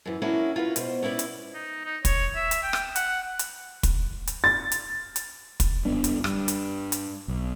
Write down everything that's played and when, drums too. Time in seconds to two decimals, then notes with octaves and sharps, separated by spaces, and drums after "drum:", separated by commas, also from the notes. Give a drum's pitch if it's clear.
0.06 F#2 E3
0.22 A#3 C#4 D4 E4 F#4
0.56 F4 F#4 B4
0.76 B2 C5, drum: hi-hat
1.03 C#4 E4 B4 D5
1.19 drum: hi-hat
1.54 D#4
1.85 D#4
2.05 C#5, drum: kick, hi-hat
2.35 E5
2.51 drum: hi-hat
2.63 G5
2.73 drum: rim click
2.96 F#5, drum: hi-hat
3.39 drum: hi-hat
3.83 drum: kick, hi-hat
4.27 drum: hi-hat
4.44 A6
4.72 drum: hi-hat
5.16 drum: hi-hat
5.60 drum: kick, hi-hat
5.85 G1 F#2 B3 D4
6.04 drum: hi-hat
6.24 G2, drum: rim click
6.48 drum: hi-hat
6.92 drum: hi-hat
7.28 B1